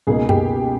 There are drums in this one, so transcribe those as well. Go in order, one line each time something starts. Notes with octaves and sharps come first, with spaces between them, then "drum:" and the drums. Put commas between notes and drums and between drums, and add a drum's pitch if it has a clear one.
C#2 B2 A#3 D#4 G#4
G4, drum: tom F#2